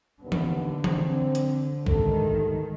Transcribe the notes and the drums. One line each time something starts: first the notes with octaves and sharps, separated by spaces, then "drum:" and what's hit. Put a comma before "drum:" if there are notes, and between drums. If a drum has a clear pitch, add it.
D#2 D3 B3
drum: tom E3
C4, drum: tom E3
drum: hi-hat
G#2 D#3 G3 A3 A4, drum: kick A#1